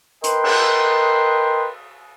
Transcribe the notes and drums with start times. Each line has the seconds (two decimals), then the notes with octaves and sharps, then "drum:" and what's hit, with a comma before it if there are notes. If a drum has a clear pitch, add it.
0.24 A#4 B4 D#5 G5 C6, drum: hi-hat
0.44 drum: cymbal